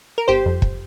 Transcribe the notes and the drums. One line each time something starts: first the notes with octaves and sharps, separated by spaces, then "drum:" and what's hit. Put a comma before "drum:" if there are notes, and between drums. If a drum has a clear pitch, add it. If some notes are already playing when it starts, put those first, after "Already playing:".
A#4
G1 G4 C5
F2
drum: kick